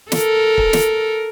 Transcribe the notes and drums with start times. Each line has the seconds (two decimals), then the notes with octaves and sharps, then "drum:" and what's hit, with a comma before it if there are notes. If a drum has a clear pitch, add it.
0.12 A4 A#4, drum: snare
0.58 drum: kick
0.73 drum: snare